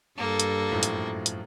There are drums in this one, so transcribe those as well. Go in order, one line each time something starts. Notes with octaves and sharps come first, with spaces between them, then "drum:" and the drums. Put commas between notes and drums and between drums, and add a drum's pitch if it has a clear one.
G2 A#3 A4
drum: hi-hat
F#2 A2 F3
drum: hi-hat
drum: hi-hat